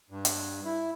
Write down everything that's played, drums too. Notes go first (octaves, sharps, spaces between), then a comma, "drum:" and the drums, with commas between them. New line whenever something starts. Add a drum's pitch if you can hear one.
G2
drum: hi-hat
E4